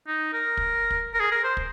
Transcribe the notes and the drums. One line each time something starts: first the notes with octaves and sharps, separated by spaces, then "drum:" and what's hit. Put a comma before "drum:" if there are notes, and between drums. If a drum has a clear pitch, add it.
D#4
A#4
drum: kick
drum: kick
A#4
G#4
A#4
C5
drum: kick